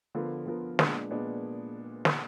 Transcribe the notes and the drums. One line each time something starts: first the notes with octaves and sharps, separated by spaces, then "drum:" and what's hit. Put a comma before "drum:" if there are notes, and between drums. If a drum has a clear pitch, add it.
D3 F3 B3 F4 A#4
D3 F3 B3 F4 A#4
A#2 G#3 B3 D4, drum: snare
A#2 G#3 B3 D4
drum: snare